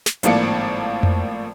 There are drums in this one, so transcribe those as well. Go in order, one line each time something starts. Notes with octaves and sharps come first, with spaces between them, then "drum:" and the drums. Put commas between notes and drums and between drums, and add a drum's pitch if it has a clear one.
drum: snare
G#1 A2 F3 A#3 D5 C#7, drum: hi-hat
drum: tom F2